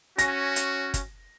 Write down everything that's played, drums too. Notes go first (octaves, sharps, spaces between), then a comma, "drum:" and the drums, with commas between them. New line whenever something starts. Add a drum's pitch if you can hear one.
C#4 F#4 A#6, drum: hi-hat
drum: hi-hat
drum: kick, hi-hat